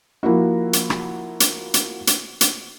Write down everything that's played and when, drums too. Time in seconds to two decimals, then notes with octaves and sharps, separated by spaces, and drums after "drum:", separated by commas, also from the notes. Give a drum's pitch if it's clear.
0.23 F3 A#3 E4 F#4
0.73 drum: hi-hat
0.90 drum: rim click
1.40 drum: hi-hat
1.74 drum: hi-hat
2.07 drum: hi-hat
2.41 drum: hi-hat